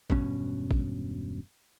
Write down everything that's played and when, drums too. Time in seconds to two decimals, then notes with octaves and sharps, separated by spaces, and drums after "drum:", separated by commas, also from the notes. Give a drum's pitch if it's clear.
0.10 E1 G2 B2 C#4, drum: kick
0.71 drum: kick